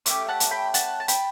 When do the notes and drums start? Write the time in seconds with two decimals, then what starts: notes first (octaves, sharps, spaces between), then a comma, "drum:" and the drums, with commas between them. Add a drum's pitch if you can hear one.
0.06 A3 C#4 G4 D6, drum: hi-hat
0.29 F#5 A5
0.40 drum: hi-hat
0.51 G5 B5
0.74 F#5 A5, drum: hi-hat
1.00 A5
1.08 G5 B5, drum: hi-hat